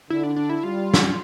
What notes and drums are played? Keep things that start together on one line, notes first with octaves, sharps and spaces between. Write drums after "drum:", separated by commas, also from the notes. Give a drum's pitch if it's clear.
D3 E4
D4
D4
E4
G3 F4
drum: snare